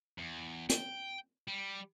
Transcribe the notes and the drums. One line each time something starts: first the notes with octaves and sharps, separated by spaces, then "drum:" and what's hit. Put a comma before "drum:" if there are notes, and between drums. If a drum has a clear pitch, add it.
E2
G5, drum: hi-hat
G3